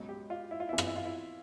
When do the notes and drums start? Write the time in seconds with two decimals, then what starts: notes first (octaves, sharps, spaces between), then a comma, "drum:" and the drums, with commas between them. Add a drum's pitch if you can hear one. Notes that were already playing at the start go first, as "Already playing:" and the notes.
Already playing: C#2 B2 F#3
0.09 G4
0.30 F4
0.51 E4
0.60 F4
0.69 E2 C3 E3 E4
0.78 F4, drum: rim click
0.87 E4
0.96 F4
1.05 E4